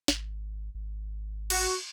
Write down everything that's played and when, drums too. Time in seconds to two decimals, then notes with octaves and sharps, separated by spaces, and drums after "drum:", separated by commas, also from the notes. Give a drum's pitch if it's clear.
0.08 G#1, drum: snare
0.75 G#1
1.50 F#4, drum: cymbal